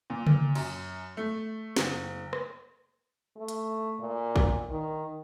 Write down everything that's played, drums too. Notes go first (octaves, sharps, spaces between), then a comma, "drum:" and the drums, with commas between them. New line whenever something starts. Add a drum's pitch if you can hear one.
A#2
drum: tom C#3
F#2, drum: cymbal
A3
F#1, drum: snare
drum: rim click
A3
drum: hi-hat
A#2
drum: kick
D#3